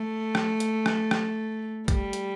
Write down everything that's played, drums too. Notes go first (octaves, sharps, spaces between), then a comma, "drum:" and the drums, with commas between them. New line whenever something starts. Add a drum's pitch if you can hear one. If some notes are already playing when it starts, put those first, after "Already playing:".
Already playing: A3
drum: rim click
drum: hi-hat
drum: rim click
drum: rim click
G3, drum: kick, hi-hat
drum: hi-hat